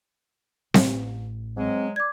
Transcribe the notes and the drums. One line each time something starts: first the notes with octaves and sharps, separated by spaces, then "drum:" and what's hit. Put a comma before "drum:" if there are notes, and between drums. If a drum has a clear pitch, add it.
A1, drum: snare C4
G#2 F#3 G#3 C4
D5 D6 G#6